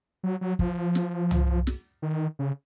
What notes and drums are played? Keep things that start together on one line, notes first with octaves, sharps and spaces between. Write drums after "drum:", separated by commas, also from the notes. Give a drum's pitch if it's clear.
F#3
F#3
F3, drum: kick
drum: snare
drum: tom
drum: snare
D#3
C#3